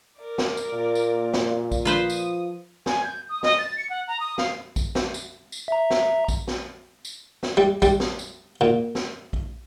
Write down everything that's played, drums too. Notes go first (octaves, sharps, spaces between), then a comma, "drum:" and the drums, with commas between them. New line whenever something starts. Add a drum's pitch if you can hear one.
A#4 D5
drum: snare
drum: tambourine
A#2 A#3
drum: tambourine
drum: snare
drum: kick A#1, tambourine
F3 F4 B4 C5 D#6
drum: tambourine
G#5, drum: snare
G6
D#6
D#5, drum: snare
A6
C#7
F#5
A#5
D#6
F5, drum: snare
drum: kick A#1, tambourine
drum: snare
drum: tambourine
drum: tambourine
E5 A#5
drum: snare
drum: kick A#1, tambourine
drum: snare
drum: tambourine
drum: snare
G3
G3, drum: kick A#1, tambourine
drum: snare
drum: tambourine
A#2
drum: snare
drum: kick A#1